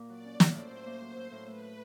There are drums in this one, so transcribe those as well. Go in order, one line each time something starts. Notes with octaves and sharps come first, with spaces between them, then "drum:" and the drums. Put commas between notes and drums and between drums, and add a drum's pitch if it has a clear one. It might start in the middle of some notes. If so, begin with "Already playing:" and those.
Already playing: A#2 A#3
F#3 D5
C#4
A#2, drum: snare
A2 C5
A2
A#3
F#3
A2
A2
A3 B4